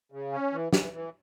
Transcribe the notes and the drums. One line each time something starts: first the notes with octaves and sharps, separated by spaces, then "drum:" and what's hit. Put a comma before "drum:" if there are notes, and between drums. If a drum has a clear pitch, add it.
C#3
C#4
E3
E3, drum: snare
E3